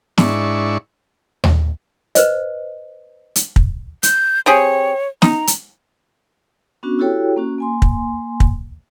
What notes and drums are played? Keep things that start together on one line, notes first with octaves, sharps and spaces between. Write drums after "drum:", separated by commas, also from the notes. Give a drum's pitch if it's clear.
G#2 D4 E4 C#6, drum: snare
drum: tom D#2
B4 C5 D#5, drum: hi-hat
drum: hi-hat
drum: kick
G6, drum: hi-hat
C4 G4 G#4 C#5
D#4 A#5, drum: snare
drum: hi-hat
B3 C#4 D4 F#4
E4 F#4 G4 A4 C#5 G5
A#3 C#4 F#4
A#3 G#5 C6
drum: kick
drum: kick